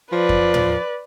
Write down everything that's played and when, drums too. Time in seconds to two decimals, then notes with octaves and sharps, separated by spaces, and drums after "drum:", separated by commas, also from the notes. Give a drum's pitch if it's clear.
0.12 F3 B4 D5
0.29 drum: kick F2
0.54 drum: tom